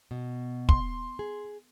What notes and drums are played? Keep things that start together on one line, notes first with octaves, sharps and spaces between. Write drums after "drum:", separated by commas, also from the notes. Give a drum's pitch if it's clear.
B2
C6, drum: kick
G#4